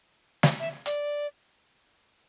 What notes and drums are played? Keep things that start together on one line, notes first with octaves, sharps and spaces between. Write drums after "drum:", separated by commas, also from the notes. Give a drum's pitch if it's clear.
drum: snare
E5
D5, drum: hi-hat